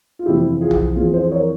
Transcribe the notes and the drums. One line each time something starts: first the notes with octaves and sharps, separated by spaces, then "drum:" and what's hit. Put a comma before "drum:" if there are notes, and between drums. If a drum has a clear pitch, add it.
F4
F2 C3 E3 E4 G4
F4 G#4
drum: tom B1
F2 E3 F4 G#4
G#4 C5
A#4 C#5